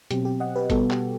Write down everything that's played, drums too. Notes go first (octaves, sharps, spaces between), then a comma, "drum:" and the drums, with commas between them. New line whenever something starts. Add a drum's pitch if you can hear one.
B2 F#3 C4 G4, drum: hi-hat
G4
D#5 F#5
G4 B4
B2 G3 B3 F#4 A4, drum: kick, hi-hat
G4, drum: clap